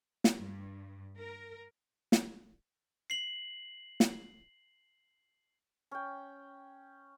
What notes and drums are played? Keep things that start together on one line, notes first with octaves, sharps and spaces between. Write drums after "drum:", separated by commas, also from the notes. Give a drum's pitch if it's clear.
drum: snare
G2
A#4
drum: snare
C7 F#7
drum: snare
C#4 G5